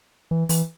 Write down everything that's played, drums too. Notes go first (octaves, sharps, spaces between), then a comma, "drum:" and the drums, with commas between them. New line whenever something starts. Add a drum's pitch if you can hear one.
E3
E3, drum: open hi-hat